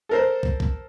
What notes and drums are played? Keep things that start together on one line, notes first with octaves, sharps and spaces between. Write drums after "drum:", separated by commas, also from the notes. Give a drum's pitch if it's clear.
A4 A#4 C5
drum: kick
drum: kick